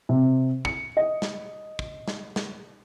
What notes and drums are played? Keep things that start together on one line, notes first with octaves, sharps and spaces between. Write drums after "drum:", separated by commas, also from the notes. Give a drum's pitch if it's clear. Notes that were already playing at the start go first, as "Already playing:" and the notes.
C3
C#7, drum: kick
D#5
drum: snare
drum: kick
drum: snare
drum: snare